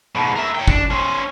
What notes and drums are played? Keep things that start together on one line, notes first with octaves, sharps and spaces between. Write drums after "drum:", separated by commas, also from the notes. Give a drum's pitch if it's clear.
G#2 B2
A#4 E5
C#5 G5
D4, drum: kick
C#4 C5